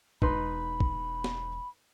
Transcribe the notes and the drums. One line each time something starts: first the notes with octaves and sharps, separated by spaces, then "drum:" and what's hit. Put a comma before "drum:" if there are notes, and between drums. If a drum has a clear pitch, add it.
E1 D#4 B4 B5 C6, drum: kick
drum: kick
drum: snare